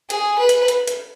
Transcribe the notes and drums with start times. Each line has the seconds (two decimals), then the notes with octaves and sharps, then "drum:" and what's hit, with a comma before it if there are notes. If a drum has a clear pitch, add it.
0.10 G#4, drum: hi-hat
0.39 B4
0.49 drum: hi-hat
0.68 drum: hi-hat
0.87 drum: hi-hat